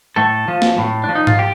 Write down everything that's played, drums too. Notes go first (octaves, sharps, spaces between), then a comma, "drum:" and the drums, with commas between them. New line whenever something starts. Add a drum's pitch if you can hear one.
A2 A3 A4
F3
drum: snare
A2
D4
F3
D#4
F4, drum: tom G#2
G4